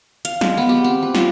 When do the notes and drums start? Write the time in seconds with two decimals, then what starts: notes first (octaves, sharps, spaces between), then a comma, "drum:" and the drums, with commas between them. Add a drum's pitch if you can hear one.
0.25 F5, drum: hi-hat
0.41 G#3, drum: snare
0.58 B3
0.69 G4
0.84 C4
1.03 B4
1.15 F4, drum: snare